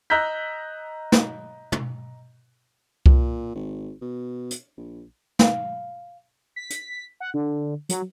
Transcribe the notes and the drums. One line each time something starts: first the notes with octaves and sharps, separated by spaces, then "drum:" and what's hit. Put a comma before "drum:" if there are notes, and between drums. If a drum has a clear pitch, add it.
D#5 A#5 E6 F#6 G6 B6
drum: snare
drum: tom
A#2, drum: kick C2
G#1
B2
drum: hi-hat
A#1
F5, drum: snare
B6
drum: hi-hat
F#5
D3
F#3, drum: hi-hat